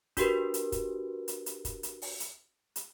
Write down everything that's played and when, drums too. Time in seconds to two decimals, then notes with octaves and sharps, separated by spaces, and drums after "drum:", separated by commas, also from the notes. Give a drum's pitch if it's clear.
0.17 D4 F#4 G4 A#4 B4, drum: kick, hi-hat
0.54 drum: hi-hat
0.72 drum: kick, hi-hat
1.28 drum: hi-hat
1.46 drum: hi-hat
1.65 drum: kick, hi-hat
1.83 drum: hi-hat
2.02 drum: open hi-hat
2.20 drum: hi-hat
2.76 drum: hi-hat